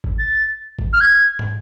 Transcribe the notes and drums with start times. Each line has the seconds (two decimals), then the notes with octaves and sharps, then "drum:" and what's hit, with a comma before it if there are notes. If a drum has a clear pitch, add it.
0.04 drum: kick G#1
0.19 A6
0.79 drum: kick G#1
0.93 F6
1.01 G#6
1.39 drum: tom